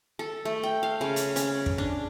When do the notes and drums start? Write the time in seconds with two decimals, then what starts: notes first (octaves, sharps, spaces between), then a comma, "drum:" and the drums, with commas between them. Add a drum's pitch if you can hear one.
0.19 A4
0.45 A3
0.63 G5
0.83 F5
1.01 C#3
1.16 drum: hi-hat
1.36 C#4, drum: hi-hat
1.66 drum: kick
1.78 D4